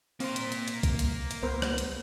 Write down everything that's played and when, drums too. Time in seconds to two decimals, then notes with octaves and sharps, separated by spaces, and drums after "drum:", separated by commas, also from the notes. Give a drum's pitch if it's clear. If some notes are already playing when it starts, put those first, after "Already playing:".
0.20 A#3 C4 C6, drum: open hi-hat
0.36 drum: hi-hat
0.52 drum: hi-hat
0.68 drum: hi-hat
0.83 drum: kick, hi-hat
0.99 drum: hi-hat
1.31 drum: hi-hat
1.43 C#2 B3 A#4 C5
1.62 drum: rim click
1.78 drum: hi-hat